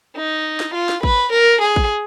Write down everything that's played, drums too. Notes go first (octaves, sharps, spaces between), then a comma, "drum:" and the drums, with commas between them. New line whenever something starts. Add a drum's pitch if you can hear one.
D#4
drum: snare
F4
drum: snare
B4, drum: kick
A#4
G#4
drum: kick